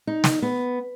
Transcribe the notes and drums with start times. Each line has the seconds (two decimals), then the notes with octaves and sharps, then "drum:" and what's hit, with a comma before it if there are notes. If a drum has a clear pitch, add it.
0.07 D#4
0.24 drum: snare
0.42 B3